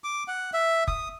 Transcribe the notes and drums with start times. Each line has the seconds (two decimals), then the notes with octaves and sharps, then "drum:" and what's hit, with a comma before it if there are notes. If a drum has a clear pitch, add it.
0.04 D6
0.28 F#5
0.53 E5
0.88 D#6, drum: kick F1